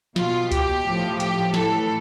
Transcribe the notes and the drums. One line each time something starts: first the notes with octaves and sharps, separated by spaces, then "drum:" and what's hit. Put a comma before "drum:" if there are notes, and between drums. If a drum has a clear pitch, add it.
B2 F4, drum: snare
G4, drum: kick C#2, hi-hat
A2 F3
G4, drum: hi-hat
A2 E3 A4, drum: snare